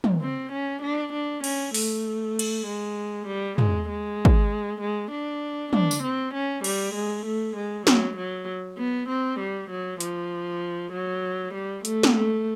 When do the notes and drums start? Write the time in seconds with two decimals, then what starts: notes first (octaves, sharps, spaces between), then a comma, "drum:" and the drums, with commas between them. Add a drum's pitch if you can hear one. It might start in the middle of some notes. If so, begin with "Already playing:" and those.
0.04 drum: tom
0.21 C4
0.52 C#4
0.82 D4
1.13 D4
1.44 C#4, drum: cymbal
1.74 A3, drum: open hi-hat
2.39 drum: cymbal
2.66 G#3
3.27 G3
3.58 G#3, drum: tom
3.89 G#3
4.25 drum: kick
4.81 G#3
5.11 D4
5.73 D4, drum: tom
5.91 drum: tambourine
6.03 C4
6.34 C#4
6.64 G3, drum: cymbal
6.95 G#3
7.26 A3
7.56 G#3
7.87 F#3, drum: snare
8.17 F#3
8.78 B3
9.09 C4
9.40 G3
9.70 F#3
10.00 F3, drum: hi-hat
10.93 F#3
11.54 G3
11.85 A3, drum: hi-hat
12.03 drum: snare
12.16 A3